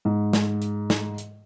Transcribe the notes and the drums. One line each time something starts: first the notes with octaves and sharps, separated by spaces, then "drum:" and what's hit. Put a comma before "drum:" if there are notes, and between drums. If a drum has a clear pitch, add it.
G#2
drum: snare
drum: hi-hat
drum: snare
drum: hi-hat